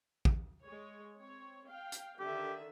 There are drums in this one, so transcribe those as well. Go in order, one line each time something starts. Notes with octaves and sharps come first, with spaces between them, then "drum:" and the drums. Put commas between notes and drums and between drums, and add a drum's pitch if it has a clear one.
drum: kick A1
G#3 C#5
C4 C#5
F5 G5
drum: hi-hat
D3 D#3 G4 E5